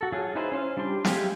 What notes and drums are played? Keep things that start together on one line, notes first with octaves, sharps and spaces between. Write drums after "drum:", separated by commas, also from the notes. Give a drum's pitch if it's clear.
F#4 A4
F#3 F4 G#4
D#4 E4 G#4 B4 C5
C#4 C5 F5
G3 D4 F4 G4 C6
G#3 A3 G4 F5 G#5, drum: snare